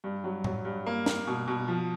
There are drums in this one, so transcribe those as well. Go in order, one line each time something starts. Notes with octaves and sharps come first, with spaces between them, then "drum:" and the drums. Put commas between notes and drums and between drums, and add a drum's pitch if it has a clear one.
G2
F#3
F#3, drum: tom A2
G2
A#3
A#3, drum: snare
B2
B2
F3